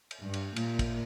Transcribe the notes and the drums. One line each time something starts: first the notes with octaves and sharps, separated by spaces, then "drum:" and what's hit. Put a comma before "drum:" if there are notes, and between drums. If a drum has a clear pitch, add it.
drum: cymbal
G2
drum: cymbal
A#2, drum: cymbal
drum: kick, cymbal